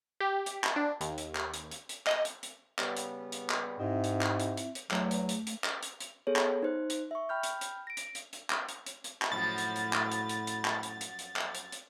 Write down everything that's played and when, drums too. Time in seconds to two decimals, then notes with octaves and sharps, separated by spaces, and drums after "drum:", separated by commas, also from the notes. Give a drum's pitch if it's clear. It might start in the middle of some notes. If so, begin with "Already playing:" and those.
0.21 G4
0.46 drum: hi-hat
0.64 drum: clap
0.76 D4
1.01 D#2, drum: hi-hat
1.18 drum: hi-hat
1.35 drum: clap
1.53 drum: hi-hat
1.71 drum: hi-hat
1.89 drum: hi-hat
2.07 D#5, drum: clap
2.25 drum: hi-hat
2.43 drum: hi-hat
2.79 C#3 G3 B3, drum: clap
2.96 drum: hi-hat
3.32 drum: hi-hat
3.50 drum: clap
3.79 G#2 C4 E4 G4 D#5 E5
4.04 drum: hi-hat
4.21 drum: clap
4.39 drum: hi-hat
4.57 drum: hi-hat
4.75 drum: hi-hat
4.91 E2 F#3 A3, drum: clap
5.11 drum: hi-hat
5.29 drum: hi-hat
5.47 drum: hi-hat
5.64 drum: clap
5.82 drum: hi-hat
6.00 drum: hi-hat
6.27 B3 G#4 A4 C#5
6.36 drum: clap
6.63 D#4 C5 F#6
6.90 drum: hi-hat
7.11 E5 C#6
7.29 G5 B5 F6 G6
7.43 drum: hi-hat
7.61 drum: hi-hat
7.87 A#6 D7
7.97 drum: hi-hat
8.15 drum: hi-hat
8.33 drum: hi-hat
8.50 drum: clap
8.68 drum: hi-hat
8.86 drum: hi-hat
9.04 drum: hi-hat
9.22 drum: clap
9.32 F#2 A2 F3 F#3 B5 A6
9.58 drum: hi-hat
9.76 drum: hi-hat
9.93 drum: clap
10.11 drum: hi-hat
10.29 drum: hi-hat
10.47 drum: hi-hat
10.65 drum: clap
10.83 drum: hi-hat
11.01 drum: hi-hat
11.19 drum: hi-hat
11.36 drum: clap
11.54 drum: hi-hat
11.72 drum: hi-hat